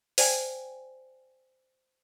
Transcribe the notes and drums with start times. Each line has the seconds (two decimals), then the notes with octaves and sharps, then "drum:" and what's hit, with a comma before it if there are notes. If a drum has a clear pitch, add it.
0.18 C5 D5 G5 G#5, drum: open hi-hat